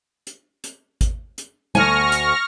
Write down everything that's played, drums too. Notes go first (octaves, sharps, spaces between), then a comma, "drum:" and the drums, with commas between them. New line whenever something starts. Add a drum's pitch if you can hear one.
drum: hi-hat
drum: hi-hat
drum: kick, hi-hat
drum: hi-hat
D2 G#5 C#6 F6 A#6, drum: tom G3
drum: hi-hat